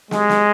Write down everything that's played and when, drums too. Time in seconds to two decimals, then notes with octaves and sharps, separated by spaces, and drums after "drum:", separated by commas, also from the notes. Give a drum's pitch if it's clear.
0.11 G#3, drum: snare
0.29 drum: snare